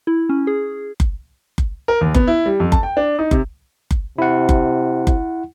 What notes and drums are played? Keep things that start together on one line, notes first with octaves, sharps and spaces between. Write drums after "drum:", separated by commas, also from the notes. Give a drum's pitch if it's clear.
E4
C#4
G#4
drum: kick F#1
drum: kick F#1
A#4
D#2
B3, drum: kick F#1
E4
G3
F2
A5, drum: kick F#1
G5
D4
D#4
C3, drum: kick F#1
drum: kick F#1
C3 E4 F#5
drum: kick F#1
drum: kick F#1